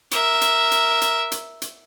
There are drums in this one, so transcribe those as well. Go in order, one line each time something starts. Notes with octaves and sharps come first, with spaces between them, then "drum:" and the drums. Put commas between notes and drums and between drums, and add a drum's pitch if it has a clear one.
A#4 E5, drum: hi-hat
drum: hi-hat
drum: hi-hat
drum: hi-hat
drum: hi-hat
drum: hi-hat